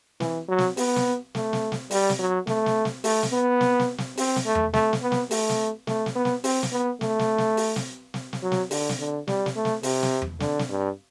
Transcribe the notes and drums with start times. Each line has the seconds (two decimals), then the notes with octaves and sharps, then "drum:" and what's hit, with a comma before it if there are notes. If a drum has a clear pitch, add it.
0.20 E3, drum: snare
0.48 F#3
0.58 drum: snare
0.77 B3, drum: open hi-hat
0.96 drum: snare
1.35 A3, drum: snare
1.53 drum: snare
1.72 drum: snare
1.91 G3, drum: open hi-hat
2.10 drum: snare
2.19 F#3
2.47 A3, drum: snare
2.66 drum: snare
2.85 drum: snare
3.04 A3, drum: open hi-hat
3.23 drum: snare
3.33 B3
3.61 drum: snare
3.79 drum: snare
3.98 drum: snare
4.17 C4, drum: open hi-hat
4.36 drum: snare
4.46 A3
4.55 drum: tom E2
4.74 A3, drum: snare
4.93 drum: snare
5.02 B3
5.12 drum: snare
5.31 A3, drum: open hi-hat
5.49 drum: snare
5.87 A3, drum: snare
6.06 drum: snare
6.16 B3
6.25 drum: snare
6.44 C4, drum: open hi-hat
6.63 drum: snare
6.72 B3
7.01 A3, drum: snare
7.19 drum: snare
7.38 drum: snare
7.57 drum: open hi-hat
7.76 drum: snare
8.14 drum: snare
8.33 drum: snare
8.43 F#3
8.52 drum: snare
8.71 D3, drum: open hi-hat
8.89 drum: snare
8.99 D3
9.27 G3, drum: snare
9.46 drum: snare
9.56 A3
9.65 drum: snare
9.83 C3, drum: open hi-hat
10.03 drum: snare
10.22 drum: tom E2
10.40 D3, drum: snare
10.59 drum: snare
10.69 G2